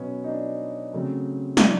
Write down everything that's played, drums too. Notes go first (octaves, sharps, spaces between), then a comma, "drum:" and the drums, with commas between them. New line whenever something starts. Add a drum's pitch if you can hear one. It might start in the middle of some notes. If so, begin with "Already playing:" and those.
Already playing: B2 F#3 B3 C#4
D#4
D4
C#3 F#3 A3 C4
D4, drum: snare